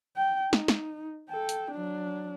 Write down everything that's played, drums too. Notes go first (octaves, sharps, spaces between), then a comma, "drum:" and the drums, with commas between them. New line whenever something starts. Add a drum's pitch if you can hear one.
G5
D#4, drum: snare
drum: snare
A4 G5
drum: hi-hat
F#3 D4